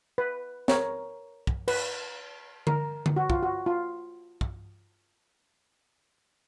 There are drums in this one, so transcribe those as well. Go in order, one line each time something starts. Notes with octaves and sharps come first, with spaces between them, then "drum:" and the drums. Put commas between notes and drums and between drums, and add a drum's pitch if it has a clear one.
B4
A#4 C#5, drum: snare
drum: kick
B4, drum: cymbal
A#4, drum: tom D3
drum: tom D3
F#4
F4, drum: kick
F#4
F4
drum: kick